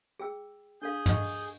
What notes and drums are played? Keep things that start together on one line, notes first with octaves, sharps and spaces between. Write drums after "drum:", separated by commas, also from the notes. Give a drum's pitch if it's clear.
G#4 G5 E6
D4 G#4 A4 F5 G6
D#5 F#5 C#6, drum: tom
drum: open hi-hat